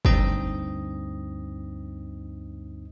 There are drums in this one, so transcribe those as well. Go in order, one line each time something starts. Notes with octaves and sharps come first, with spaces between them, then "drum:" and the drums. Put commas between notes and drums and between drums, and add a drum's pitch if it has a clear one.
D2 G2 C4 D#4 D#5, drum: kick